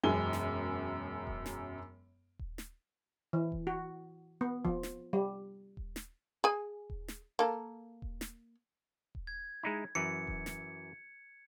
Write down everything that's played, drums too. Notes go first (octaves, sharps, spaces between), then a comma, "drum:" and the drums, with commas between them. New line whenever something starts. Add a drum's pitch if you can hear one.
E1 F#2 G#3 G#5 G7
drum: snare
drum: kick D#1
drum: snare
drum: kick D#1
drum: snare
E3
drum: kick D#1
F#4
B3
F3, drum: kick D#1
drum: snare
G3
drum: kick D#1
drum: snare
G#4 G#5
drum: kick D#1
drum: snare
A#3 A4
drum: kick D#1
drum: snare
drum: kick D#1
G#6
G#3 D#4 E4
F#2 E3 C#7
drum: kick D#1
drum: snare